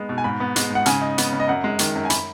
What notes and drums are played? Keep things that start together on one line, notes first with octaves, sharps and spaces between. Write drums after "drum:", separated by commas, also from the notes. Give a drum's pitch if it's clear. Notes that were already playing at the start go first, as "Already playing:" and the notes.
Already playing: G#3 B3 D#4
B2
G#5
G#2 B5
B3
G#3, drum: hi-hat
G#2 F#5
C#3 G#5, drum: hi-hat
D#4
B3, drum: hi-hat
C#3
D#5
F#2 F#5
G#3
D#3, drum: hi-hat
F#2
G#5
B5, drum: hi-hat